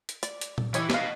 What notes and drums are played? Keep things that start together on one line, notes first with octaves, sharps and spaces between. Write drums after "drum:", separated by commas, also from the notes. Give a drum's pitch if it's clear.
drum: hi-hat
D5, drum: hi-hat
drum: hi-hat
drum: tom A#2
E3 E4 G4 C#5 D#5, drum: hi-hat
D#3 B4 D#5 F5, drum: snare